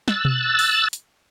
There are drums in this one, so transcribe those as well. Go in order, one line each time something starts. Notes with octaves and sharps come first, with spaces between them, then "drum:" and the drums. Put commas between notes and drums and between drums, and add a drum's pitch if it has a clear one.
E6 F#6 A6, drum: snare
drum: tom B2
drum: open hi-hat
drum: hi-hat